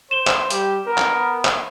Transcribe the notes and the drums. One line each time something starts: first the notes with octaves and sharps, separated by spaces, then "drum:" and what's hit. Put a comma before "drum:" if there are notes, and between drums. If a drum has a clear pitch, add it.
C5 E7 G7
drum: clap
G3 G4, drum: hi-hat
B3 A#4
drum: clap
drum: clap